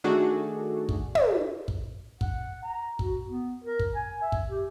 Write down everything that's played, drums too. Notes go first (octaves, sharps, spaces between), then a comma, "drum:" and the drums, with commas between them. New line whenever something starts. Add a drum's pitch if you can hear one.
D#3 A3 D4 F#4 G#4 A4
drum: kick
drum: tom
drum: kick
F#5, drum: kick
A#5
F#4, drum: kick
B3
A#4
drum: kick
G#5
E5
drum: kick
G4